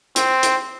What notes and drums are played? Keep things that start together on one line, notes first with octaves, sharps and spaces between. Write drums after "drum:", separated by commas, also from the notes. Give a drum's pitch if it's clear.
C4, drum: hi-hat
drum: hi-hat